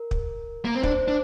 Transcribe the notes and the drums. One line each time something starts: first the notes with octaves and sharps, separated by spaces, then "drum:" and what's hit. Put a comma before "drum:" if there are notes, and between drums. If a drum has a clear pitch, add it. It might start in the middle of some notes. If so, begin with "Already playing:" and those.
Already playing: A#4
drum: kick
A#3
C4
D4 C5, drum: kick
D4